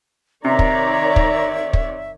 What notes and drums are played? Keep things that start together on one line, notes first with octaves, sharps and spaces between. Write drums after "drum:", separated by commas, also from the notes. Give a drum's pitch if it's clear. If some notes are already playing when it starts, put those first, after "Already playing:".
C3 D#3 C#5 D5 E5 A#5
drum: kick
drum: kick
drum: kick